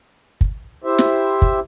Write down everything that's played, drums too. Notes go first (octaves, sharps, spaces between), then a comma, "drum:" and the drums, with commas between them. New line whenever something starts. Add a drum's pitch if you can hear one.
drum: kick
E4 G4 C5 E5
drum: snare
drum: kick